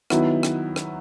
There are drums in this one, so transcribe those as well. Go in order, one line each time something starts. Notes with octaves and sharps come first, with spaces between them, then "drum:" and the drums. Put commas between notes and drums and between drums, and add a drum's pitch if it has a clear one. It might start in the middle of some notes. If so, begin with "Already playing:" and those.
D#3 F#3 B3 E4, drum: rim click
drum: rim click
drum: rim click